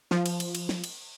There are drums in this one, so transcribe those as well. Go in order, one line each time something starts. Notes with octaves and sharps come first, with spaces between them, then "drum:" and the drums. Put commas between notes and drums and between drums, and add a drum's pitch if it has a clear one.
F3, drum: snare
drum: cymbal
drum: cymbal
drum: cymbal
drum: snare
drum: cymbal